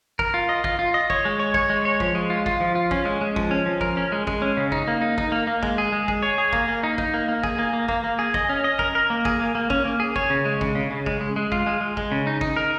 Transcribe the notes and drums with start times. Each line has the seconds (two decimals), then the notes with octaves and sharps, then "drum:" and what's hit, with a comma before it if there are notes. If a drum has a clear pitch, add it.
0.19 A#4, drum: kick
0.34 F4
0.49 D#5
0.64 F4, drum: kick
0.79 F4
0.94 D#5
1.10 C#5, drum: kick
1.25 G#3
1.39 C#5
1.54 C#5, drum: kick
1.70 G#3
1.85 C#5
2.00 F3, drum: kick
2.15 G#3
2.30 F4
2.46 F4, drum: kick
2.61 F3
2.75 F4
2.91 C#4, drum: kick
3.05 G#3
3.21 G#3
3.36 F3, drum: kick
3.51 C#4
3.66 F3
3.81 A#4, drum: kick
3.97 C#4
4.12 G#3
4.27 G#3, drum: kick
4.42 C#4
4.57 C#3
4.72 D#4, drum: kick
4.88 A#3
5.01 D#4
5.18 D#4, drum: kick
5.32 A#3
5.47 A#3
5.63 G#3, drum: kick
5.78 G#4
5.92 G#3
6.08 G#4, drum: kick
6.23 C#5
6.38 G#4
6.53 A#3, drum: kick
6.68 A#3
6.83 D#4
6.98 D#4, drum: kick
7.14 A#3
7.28 A#3
7.44 G#4, drum: kick
7.59 A#3
7.73 A#3
7.89 A#3, drum: kick
8.04 A#3
8.19 G#4
8.34 D#5, drum: kick
8.49 C#4
8.64 D#5
8.79 A#4, drum: kick
8.95 A#4
9.10 A#3
9.25 G#4, drum: kick
9.40 A#3
9.55 A#3
9.70 C#4, drum: kick
9.85 A#3
10.00 G#4
10.16 C#5, drum: kick
10.30 C#3
10.45 G#3
10.61 C#3, drum: kick
10.75 C#3
10.91 C#3
11.06 G#3, drum: kick
11.21 G#3
11.36 G#3
11.52 F4, drum: kick
11.66 G#3
11.81 G#3
11.97 G#3, drum: kick
12.12 C#3
12.27 D#4
12.41 D#4, drum: kick
12.56 A#4